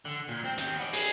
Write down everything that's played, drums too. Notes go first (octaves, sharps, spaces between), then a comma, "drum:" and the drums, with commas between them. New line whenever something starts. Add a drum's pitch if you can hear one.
D3
A#2
C4
D#2 C4, drum: hi-hat
B3 D5
G#4, drum: open hi-hat